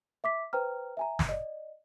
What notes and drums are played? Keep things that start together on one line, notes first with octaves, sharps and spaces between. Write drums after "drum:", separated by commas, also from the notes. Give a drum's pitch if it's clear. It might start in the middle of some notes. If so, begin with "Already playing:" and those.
E5 D6 B6
B4 C5 G5 A#5 F6
E5 G#5 A#5
drum: snare
D5 D#5